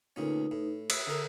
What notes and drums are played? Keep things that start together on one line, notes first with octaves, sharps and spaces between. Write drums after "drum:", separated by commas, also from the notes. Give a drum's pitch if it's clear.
D2 A#2 A3 C#4 D#4 B4
A2
E5 B5 D#6 E6, drum: cymbal
D3 A#4